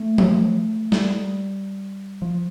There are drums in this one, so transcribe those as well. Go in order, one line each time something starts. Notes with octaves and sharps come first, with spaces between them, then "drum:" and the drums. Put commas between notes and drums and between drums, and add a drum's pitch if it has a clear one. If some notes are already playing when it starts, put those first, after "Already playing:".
Already playing: A3
drum: tom F3
G3, drum: snare
F3